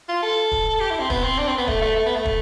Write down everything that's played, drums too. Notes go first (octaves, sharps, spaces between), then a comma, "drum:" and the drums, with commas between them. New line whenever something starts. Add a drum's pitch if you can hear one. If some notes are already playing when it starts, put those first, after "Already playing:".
F4
A4
drum: kick
G4
E4
C4
B3, drum: kick
C4
D4
C4
B3
A3, drum: kick
A3
A3
B3
A3
drum: kick